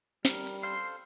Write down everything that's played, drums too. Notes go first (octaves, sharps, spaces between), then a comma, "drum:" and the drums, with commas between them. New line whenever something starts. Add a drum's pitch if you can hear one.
G3 A#4, drum: snare
drum: hi-hat
A4 C5 F5 C6